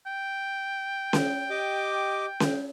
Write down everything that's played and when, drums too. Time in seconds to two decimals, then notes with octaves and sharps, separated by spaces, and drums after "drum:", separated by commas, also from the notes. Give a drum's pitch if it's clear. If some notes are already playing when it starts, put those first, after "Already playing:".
0.06 G5
1.13 drum: snare C#4
1.50 G4 D#5 D6
2.40 drum: snare C#4